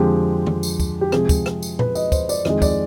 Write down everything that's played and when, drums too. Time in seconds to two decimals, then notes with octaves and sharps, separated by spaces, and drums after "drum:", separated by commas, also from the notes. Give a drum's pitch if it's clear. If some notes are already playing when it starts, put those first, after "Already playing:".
Already playing: F2 D3 F3 G#3 G4
0.46 drum: tom D#3
0.63 drum: tambourine
0.80 drum: kick, tambourine
1.01 G4
1.12 C3 F3 G#3 G#4, drum: rim click
1.29 drum: kick, tambourine
1.46 drum: rim click
1.62 drum: tambourine
1.79 B4, drum: tom A#2
1.95 D#5, drum: tambourine
2.12 C5, drum: kick, tambourine
2.29 D5, drum: tambourine
2.45 F2 D#3 G#3 D#5, drum: rim click
2.62 D5, drum: kick, tambourine